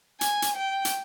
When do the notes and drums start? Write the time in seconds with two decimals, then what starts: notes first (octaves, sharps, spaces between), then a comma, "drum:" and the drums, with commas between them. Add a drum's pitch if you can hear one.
0.21 G#5, drum: hi-hat
0.42 drum: hi-hat
0.55 G5
0.85 drum: hi-hat